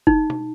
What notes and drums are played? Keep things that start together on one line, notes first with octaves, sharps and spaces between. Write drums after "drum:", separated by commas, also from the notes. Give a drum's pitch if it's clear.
D#4, drum: kick F#1
drum: tom B2